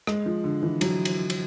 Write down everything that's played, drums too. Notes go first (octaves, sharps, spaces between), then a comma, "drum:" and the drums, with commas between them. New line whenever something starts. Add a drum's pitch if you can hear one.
G#3, drum: rim click
F3
D3
E3
F#3, drum: cymbal
drum: cymbal
drum: cymbal